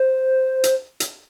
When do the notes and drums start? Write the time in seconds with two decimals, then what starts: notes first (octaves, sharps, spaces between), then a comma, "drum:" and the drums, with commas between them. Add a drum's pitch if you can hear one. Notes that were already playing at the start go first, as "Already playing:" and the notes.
Already playing: C5
0.64 drum: hi-hat
1.00 drum: hi-hat